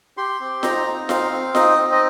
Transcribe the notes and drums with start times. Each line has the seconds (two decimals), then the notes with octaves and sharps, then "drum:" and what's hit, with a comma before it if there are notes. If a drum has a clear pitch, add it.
0.17 G4 C6
0.40 C4
0.63 D#4 A#5, drum: snare F4
0.86 D#4
1.09 C4 F5, drum: snare F4
1.32 C4
1.55 D#4 D#5, drum: snare F4
1.78 C4
1.92 D#5